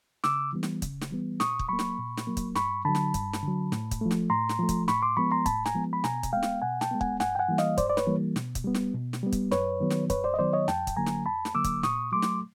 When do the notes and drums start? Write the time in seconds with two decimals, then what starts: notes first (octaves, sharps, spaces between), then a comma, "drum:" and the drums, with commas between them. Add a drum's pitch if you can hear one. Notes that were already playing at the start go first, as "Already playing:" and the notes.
0.24 C#3 D6 E6, drum: snare
0.53 E3 G3 B3
0.63 drum: snare
0.82 C#3, drum: kick, hi-hat
1.01 drum: snare
1.11 E3 G3 B3
1.40 A#2 C#6 D#6, drum: snare
1.59 drum: kick
1.69 F#3 A#3 B5 C#6
1.79 drum: snare
1.98 A#2
2.17 drum: snare
2.27 F#3 A#3
2.37 drum: kick, hi-hat
2.55 G2 B5 C#6, drum: snare
2.85 D3 F#3 A5 B5
2.95 drum: snare
3.14 G2, drum: kick, hi-hat
3.33 drum: snare
3.43 D3 F#3
3.72 A2, drum: snare
3.91 drum: kick, hi-hat
4.01 F3 A3
4.11 drum: snare
4.30 A2 A#5 C6
4.49 drum: snare
4.59 F3 A3
4.69 drum: kick, hi-hat
4.88 A2 B5 C#6, drum: snare
5.02 C6 D6
5.17 F3 G#3 B3 B5 C#6
5.31 A#5 C6
5.46 A2 A5 B5, drum: kick, hi-hat
5.66 G#5 A#5, drum: snare
5.75 F3 G#3 B3
5.93 B5
6.04 B2 G#5 A#5, drum: snare
6.23 drum: kick, hi-hat
6.33 G#3 B3 F5 G5
6.43 drum: snare
6.62 B2 F#5 G#5
6.81 G5 A5, drum: snare
6.91 G#3 B3
7.01 F#5 G#5, drum: kick
7.20 G2 F#5 G#5, drum: snare
7.35 G5
7.39 F#5 G#5
7.49 E3 G3 A#3
7.58 D#5 F5, drum: snare
7.78 G2 C5 D5, drum: kick, hi-hat
7.90 D5
7.97 B4 C#5, drum: snare
8.07 E3 G3 A#3
8.36 B2, drum: snare
8.55 drum: kick, hi-hat
8.64 G3 B3
8.74 drum: snare
8.94 B2
9.13 drum: snare
9.23 G3 B3
9.32 drum: kick, hi-hat
9.51 F#2 B4 C#5, drum: snare
9.80 D#3 F#3 B3
9.90 drum: snare
10.10 F#2 B4 C#5, drum: kick, hi-hat
10.24 C5 D5
10.34 D#5
10.39 D#3 F#3 B3 C5 D5
10.53 C#5 D#5
10.68 F2 G5 A5, drum: snare
10.87 drum: kick, hi-hat
10.97 D3 F#3 A#3 G#5 A#5
11.06 drum: snare
11.26 F2 A5 B5
11.45 drum: snare
11.55 D3 F#3 A#3 D6 E6
11.64 drum: kick, hi-hat
11.83 A#2 C#6 D#6, drum: snare
12.12 F#3 A3 C6 D6
12.22 drum: snare